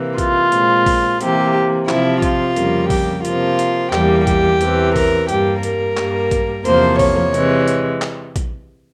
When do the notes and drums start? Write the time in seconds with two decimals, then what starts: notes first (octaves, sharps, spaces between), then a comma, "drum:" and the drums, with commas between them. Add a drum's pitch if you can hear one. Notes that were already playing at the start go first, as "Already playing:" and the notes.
Already playing: C3 E3 A#3
0.18 F4, drum: kick, hi-hat
0.52 A#2 G#3 C4, drum: hi-hat
0.86 drum: kick, open hi-hat
1.21 C3 E3 A#3 G4, drum: hi-hat
1.89 C3 F3 C4 E4, drum: clap
2.22 F4, drum: kick, hi-hat
2.56 F2 C#3 G3 A#3, drum: hi-hat
2.90 G4, drum: kick, open hi-hat
3.25 C3 F3 A#3 F4, drum: hi-hat
3.59 drum: hi-hat
3.93 E2 E3 G3 A#3 G4, drum: clap
4.27 G4, drum: kick, hi-hat
4.61 E2 C3 E3, drum: hi-hat
4.96 A#4, drum: kick, open hi-hat
5.29 G2 G3 A#3 G4, drum: hi-hat
5.63 A#4, drum: hi-hat
5.97 G2 G3 A#3, drum: clap
6.31 drum: kick, hi-hat
6.65 E2 C3 F3 A#3 C5, drum: hi-hat
6.99 C#5, drum: kick, open hi-hat
7.34 C3 E3 G#3, drum: hi-hat
7.68 drum: hi-hat
8.02 drum: clap
8.36 drum: kick, hi-hat